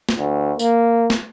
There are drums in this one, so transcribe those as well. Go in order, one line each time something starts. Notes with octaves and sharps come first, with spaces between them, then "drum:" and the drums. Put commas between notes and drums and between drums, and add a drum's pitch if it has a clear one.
drum: snare
D2
A#3, drum: tambourine
drum: snare